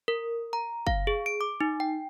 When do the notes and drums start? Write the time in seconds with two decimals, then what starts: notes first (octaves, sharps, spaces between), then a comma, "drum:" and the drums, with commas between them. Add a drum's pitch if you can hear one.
0.08 A#4
0.53 A#5
0.87 F5, drum: kick
1.07 G#4
1.26 D7
1.41 D6
1.61 D#4
1.80 G5